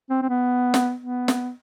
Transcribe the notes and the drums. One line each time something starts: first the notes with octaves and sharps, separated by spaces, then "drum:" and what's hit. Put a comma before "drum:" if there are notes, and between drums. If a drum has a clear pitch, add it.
C4
C4
B3
drum: snare
B3
drum: snare